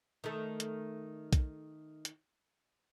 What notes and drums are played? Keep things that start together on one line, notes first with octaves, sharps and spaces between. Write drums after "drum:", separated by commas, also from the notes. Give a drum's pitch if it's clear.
D#3 A3
drum: hi-hat
drum: kick B1, hi-hat
drum: hi-hat